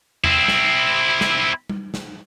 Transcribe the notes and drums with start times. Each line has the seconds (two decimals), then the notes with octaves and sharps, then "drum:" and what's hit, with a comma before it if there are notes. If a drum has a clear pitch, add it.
0.24 C4 E4, drum: tom E2
0.48 drum: snare
1.21 drum: snare
1.69 drum: tom G3
1.94 drum: snare